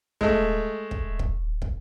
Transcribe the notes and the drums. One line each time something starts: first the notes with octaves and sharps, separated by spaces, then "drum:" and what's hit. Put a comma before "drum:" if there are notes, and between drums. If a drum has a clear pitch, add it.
G#3 A3, drum: kick
drum: kick
drum: kick
drum: kick